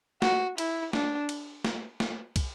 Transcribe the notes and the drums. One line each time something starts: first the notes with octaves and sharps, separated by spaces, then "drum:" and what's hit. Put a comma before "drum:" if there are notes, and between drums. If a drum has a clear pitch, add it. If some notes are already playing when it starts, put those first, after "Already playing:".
F#4, drum: snare
E4, drum: cymbal
D4, drum: snare
drum: cymbal
drum: snare
drum: snare
drum: kick, cymbal